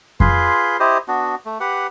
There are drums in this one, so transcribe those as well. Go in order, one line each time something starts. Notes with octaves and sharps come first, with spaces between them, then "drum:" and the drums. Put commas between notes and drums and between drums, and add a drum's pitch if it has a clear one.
F4 G#4 B4 C6, drum: kick F2
E4 G4 C5 D#5
B3 D4 F#4
A3
G4 B4 F#5